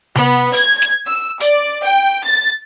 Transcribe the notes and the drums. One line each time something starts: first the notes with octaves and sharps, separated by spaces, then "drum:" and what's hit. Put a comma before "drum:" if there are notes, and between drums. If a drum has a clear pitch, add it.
B3, drum: tom C3
G#6, drum: hi-hat
drum: snare
E6
D5, drum: hi-hat
G5
A6